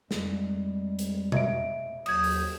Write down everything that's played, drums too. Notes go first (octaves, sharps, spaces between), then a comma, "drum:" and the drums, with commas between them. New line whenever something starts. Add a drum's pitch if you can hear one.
F2 G3 G#3, drum: snare
drum: hi-hat
D#5 E5 D7, drum: tom B2
D#2 F#3 D#6 G6 G#6, drum: cymbal
drum: open hi-hat